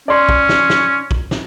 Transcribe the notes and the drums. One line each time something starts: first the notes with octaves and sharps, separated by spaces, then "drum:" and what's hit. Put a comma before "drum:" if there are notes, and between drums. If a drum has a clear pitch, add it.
C#4 D5 C6
drum: kick
drum: snare
drum: snare
drum: kick
drum: snare